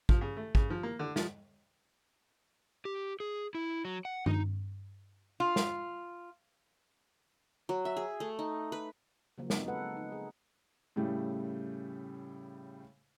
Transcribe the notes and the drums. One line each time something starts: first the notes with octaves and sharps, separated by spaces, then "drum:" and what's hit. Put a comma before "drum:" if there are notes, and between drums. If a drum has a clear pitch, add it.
F3, drum: kick
C#3
A3
C#3, drum: kick
F3
A#3
D3
F3, drum: snare
G4
G#4
E4
F#3
F#5
D#4, drum: tom G2
F4
drum: snare
F#3
E5
G#4
A3
D#4
B4
C#3 F3 F#3 A#3
B3 C4 D#4, drum: snare
G#3 A4 B4 F#5
D#4
G#4
A2 C#3 G3 A3